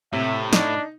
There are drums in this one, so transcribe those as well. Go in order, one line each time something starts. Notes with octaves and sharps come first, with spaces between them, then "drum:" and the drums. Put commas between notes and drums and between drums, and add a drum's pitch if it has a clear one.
A2 C3 E5
D4 D#4, drum: snare